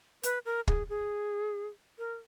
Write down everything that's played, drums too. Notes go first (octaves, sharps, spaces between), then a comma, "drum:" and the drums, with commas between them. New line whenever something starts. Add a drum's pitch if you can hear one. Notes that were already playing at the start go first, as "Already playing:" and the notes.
B4, drum: hi-hat
A#4
G#4, drum: kick
G#4
A#4